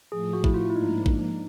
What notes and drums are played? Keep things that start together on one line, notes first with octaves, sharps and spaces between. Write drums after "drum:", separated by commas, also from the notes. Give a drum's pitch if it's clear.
A2 F3 A3 G#4
F#4
E4, drum: kick
F4
E4
G#2 F3 A#3 D4 D#4
drum: kick